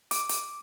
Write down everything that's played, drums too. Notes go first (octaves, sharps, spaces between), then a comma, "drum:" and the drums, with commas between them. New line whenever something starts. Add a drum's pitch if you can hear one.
D6, drum: hi-hat
drum: hi-hat